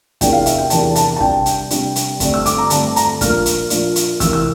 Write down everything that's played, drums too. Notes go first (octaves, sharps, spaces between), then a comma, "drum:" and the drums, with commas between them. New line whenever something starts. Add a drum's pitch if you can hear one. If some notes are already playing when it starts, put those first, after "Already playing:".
E2 C3 E3 A#3 D4 G5, drum: kick, hi-hat
F5
E5, drum: hi-hat
G5
E2 C3 E3 A#3 D4 A5, drum: hi-hat
A5, drum: hi-hat
A5
C3 G3 D4 G5, drum: kick
drum: hi-hat
C3 G3 D4, drum: hi-hat
drum: hi-hat
G2 D3 A3 C4, drum: kick, hi-hat
E6
D6, drum: hi-hat
A#5
G2 D3 A3 C4 A5, drum: hi-hat
A#5, drum: hi-hat
A#2 F3 A#3 D4 F6, drum: kick, hi-hat
drum: hi-hat
A#2 F3 A#3 D4, drum: hi-hat
drum: hi-hat
C3 E3 A#3 E6, drum: kick, hi-hat
E6